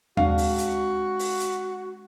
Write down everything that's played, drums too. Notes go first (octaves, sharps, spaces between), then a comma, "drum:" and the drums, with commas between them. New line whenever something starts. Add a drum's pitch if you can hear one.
G#3 C4 D4 F#4 F5, drum: tom
drum: open hi-hat
drum: hi-hat
drum: open hi-hat
drum: hi-hat